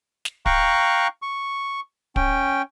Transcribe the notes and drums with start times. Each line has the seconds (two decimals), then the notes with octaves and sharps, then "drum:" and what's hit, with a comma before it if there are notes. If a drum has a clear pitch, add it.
0.25 drum: snare
0.46 F5 G5 A#5 C#6 F#6, drum: kick
1.22 C#6
2.16 C#4 G5, drum: kick